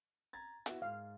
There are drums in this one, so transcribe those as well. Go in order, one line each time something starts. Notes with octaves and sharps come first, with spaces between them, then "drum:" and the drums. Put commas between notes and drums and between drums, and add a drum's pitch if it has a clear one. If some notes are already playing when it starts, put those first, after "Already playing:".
A#5 G#6 A6
B3 E4 F#4, drum: hi-hat
G#2 F5